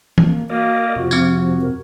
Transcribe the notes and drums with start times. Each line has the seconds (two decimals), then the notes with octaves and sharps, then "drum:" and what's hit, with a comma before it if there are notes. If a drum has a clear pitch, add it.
0.18 A#3, drum: tom E3
0.50 A#3 F#4 A#4 D5 D#5
0.96 F2 C3 F4 F#4
1.11 F3 C4 G#6, drum: tambourine
1.61 A#4